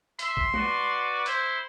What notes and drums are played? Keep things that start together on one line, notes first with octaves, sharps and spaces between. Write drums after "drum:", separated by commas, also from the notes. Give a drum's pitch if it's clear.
E5 C6, drum: hi-hat
drum: kick A#1
F#4 B4 D5, drum: tom G#3
E4 C5, drum: hi-hat